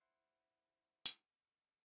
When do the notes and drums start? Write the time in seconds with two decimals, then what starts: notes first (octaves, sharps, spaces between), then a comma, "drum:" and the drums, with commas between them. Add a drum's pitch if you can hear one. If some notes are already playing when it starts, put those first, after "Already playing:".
0.01 E4 C5 F#5 C6
1.06 drum: hi-hat